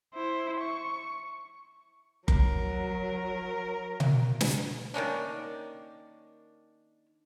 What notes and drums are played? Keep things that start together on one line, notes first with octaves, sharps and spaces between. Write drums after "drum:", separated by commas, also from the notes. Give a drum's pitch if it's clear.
E4 C5
C#6
F#3 A#4, drum: kick F#1
drum: tom B2
drum: snare
D#3 A#3 C#4 D4